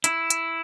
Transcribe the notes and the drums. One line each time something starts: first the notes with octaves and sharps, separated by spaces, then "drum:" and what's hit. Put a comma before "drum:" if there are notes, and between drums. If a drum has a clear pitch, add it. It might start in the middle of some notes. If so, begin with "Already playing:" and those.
E4, drum: hi-hat
drum: hi-hat